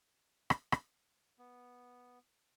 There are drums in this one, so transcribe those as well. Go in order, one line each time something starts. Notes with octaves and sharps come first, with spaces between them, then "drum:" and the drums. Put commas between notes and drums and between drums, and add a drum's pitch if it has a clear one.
drum: rim click
drum: rim click
B3